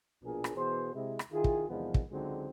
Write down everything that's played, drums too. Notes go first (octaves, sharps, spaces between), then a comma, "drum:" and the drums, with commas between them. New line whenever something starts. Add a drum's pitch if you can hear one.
A#1 B2 F3 D4 G#4 A#4
drum: rim click
B2 E3 B3 G#4 C5
C3 G#3 E4
drum: rim click
D#3 E4 F4 G#4
drum: kick
E2 C3 D#3 F3 G#3 B3
drum: kick
C#2 D3 F#3 G#3 C4 D#4